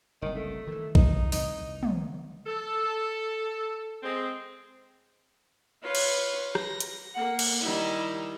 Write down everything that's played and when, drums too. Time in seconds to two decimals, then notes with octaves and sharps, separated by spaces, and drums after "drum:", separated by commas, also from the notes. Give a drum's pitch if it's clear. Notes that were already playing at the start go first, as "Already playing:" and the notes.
0.22 F#1 C2 D#3
0.35 A3
0.67 D#3 E3
0.95 D#4, drum: kick A#1
1.32 C2 E3 D#4, drum: open hi-hat
1.83 drum: tom
2.47 A4
4.03 G#3 C4
5.83 F4 B4 C#5
5.95 drum: cymbal
6.55 A#6, drum: rim click
6.80 drum: hi-hat
7.15 A#3 F#5
7.39 drum: cymbal
7.62 D#3 G3 D#4 E4